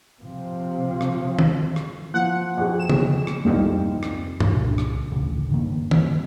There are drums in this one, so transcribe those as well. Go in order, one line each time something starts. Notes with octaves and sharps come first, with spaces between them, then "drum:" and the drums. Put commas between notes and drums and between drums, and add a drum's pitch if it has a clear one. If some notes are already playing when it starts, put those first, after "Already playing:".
C3 F3
drum: rim click
drum: tom
drum: rim click
F3 F#5
F2 F#4 G#4
E7
drum: tom
drum: rim click
C2 F2 G#2 G3
drum: rim click
drum: tom G2
C2 A#2 C#3 D4
drum: rim click
A1 D2 C#3
G2 D#3 A#3
drum: tom